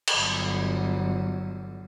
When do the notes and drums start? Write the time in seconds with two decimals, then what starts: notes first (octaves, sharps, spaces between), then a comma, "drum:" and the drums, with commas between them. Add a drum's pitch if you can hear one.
0.08 drum: cymbal
0.17 G1 F#3